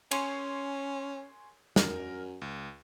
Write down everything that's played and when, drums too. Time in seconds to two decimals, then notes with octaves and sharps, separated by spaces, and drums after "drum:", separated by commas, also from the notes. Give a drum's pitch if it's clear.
0.11 C#4 G#5 C6 C#6, drum: cymbal
1.76 F#2 A#4, drum: snare
2.42 C#2